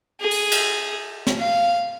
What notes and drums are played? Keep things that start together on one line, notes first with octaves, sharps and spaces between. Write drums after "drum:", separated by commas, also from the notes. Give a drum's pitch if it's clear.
G#4
drum: open hi-hat
drum: cymbal
drum: snare
F5